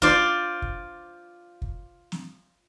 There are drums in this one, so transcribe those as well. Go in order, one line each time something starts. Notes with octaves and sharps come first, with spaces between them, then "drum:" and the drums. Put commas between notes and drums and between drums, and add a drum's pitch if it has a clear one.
F4 C5 D5, drum: kick
drum: kick
drum: kick
drum: snare